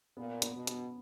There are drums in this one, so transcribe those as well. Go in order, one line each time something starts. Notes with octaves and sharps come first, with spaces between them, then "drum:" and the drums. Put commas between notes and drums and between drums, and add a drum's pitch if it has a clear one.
A#2 B3
B3, drum: hi-hat
B2
B3, drum: hi-hat